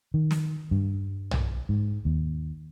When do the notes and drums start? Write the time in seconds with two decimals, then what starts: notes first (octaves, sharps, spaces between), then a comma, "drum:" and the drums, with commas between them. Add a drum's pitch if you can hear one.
0.14 D#3
0.31 drum: snare
0.71 G2
1.31 drum: tom B1
1.69 G#2
2.05 D#2